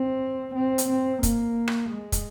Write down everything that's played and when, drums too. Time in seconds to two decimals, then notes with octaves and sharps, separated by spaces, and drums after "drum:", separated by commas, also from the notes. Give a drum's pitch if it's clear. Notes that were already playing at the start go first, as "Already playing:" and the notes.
Already playing: C4
0.55 C4
0.78 drum: hi-hat
0.89 C4
1.23 A#3, drum: kick, hi-hat
1.68 drum: rim click
1.90 G#3
2.12 drum: kick, hi-hat